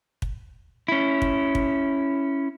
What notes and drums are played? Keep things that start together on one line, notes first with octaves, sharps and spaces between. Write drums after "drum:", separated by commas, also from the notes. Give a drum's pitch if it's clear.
drum: kick
C#4 E4
drum: kick
drum: kick